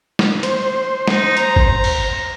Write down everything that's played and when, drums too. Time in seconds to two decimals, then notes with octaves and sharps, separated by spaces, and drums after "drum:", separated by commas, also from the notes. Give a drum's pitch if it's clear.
0.19 drum: snare
0.43 C5, drum: hi-hat
1.08 D#4, drum: snare
1.37 A#5, drum: hi-hat
1.56 drum: kick
1.84 drum: cymbal